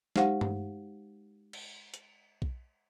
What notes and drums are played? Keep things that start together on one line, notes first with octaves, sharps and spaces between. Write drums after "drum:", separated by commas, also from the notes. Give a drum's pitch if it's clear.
G#3 D#4 G4 C5 F5 F#5, drum: snare
drum: tom G2
drum: cymbal
drum: hi-hat
drum: kick B1